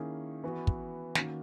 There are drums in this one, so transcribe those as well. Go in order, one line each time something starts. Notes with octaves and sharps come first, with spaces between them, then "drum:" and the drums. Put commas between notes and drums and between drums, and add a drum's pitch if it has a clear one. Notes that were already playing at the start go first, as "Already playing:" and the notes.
Already playing: D#3 A#3 C#4 E4 G#4
E3 B3 F#4
drum: kick
D#3 A#3 C#4 F#4, drum: snare